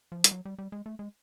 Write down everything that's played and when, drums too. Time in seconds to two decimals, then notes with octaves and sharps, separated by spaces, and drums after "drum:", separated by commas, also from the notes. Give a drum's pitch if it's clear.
0.12 F3
0.24 G3, drum: hi-hat
0.31 F#3
0.45 G3
0.58 G3
0.72 G#3
0.86 A3
0.99 G#3